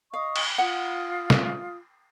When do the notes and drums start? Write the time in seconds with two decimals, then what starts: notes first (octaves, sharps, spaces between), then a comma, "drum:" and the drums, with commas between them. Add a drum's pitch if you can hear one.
0.13 D#5 F5 C#6 D#6
0.36 drum: cymbal
0.58 F4 F#5 D#6
1.30 drum: snare